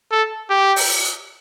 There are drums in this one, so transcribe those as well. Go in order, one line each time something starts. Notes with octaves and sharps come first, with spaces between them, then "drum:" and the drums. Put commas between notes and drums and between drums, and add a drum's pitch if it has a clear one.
A4
G4
drum: open hi-hat